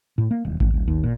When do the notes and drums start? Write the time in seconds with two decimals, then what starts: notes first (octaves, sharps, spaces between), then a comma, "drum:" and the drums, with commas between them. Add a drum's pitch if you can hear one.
0.18 A2
0.31 A#3
0.45 D#1
0.60 G#1, drum: kick A1
0.74 D1
0.88 D#2
1.04 A#2